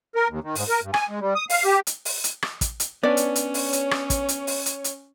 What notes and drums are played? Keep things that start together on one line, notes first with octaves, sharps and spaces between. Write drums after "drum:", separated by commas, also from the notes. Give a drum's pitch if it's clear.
A#4
D#2
D#3
G#2, drum: open hi-hat
A#4
G2
G#5, drum: rim click
G#3
G3
D#6
F5, drum: open hi-hat
G4
drum: hi-hat
drum: open hi-hat
drum: hi-hat
drum: rim click
drum: kick, hi-hat
drum: hi-hat
B3 C#4 D4 C#5 D5
drum: hi-hat
drum: hi-hat
drum: open hi-hat
drum: hi-hat
drum: rim click
drum: kick, hi-hat
drum: hi-hat
drum: open hi-hat
drum: hi-hat
drum: hi-hat